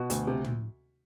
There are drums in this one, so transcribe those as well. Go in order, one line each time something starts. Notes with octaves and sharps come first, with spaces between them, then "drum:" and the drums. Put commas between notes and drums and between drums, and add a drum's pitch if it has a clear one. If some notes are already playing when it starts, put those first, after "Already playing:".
Already playing: B2 F#4
D2, drum: hi-hat
C3
drum: tom